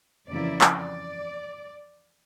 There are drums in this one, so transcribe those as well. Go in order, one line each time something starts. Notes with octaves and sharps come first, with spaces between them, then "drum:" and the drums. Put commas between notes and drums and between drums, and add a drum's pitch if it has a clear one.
F2 C#3 E3 A#3 E4 D5
drum: clap
D5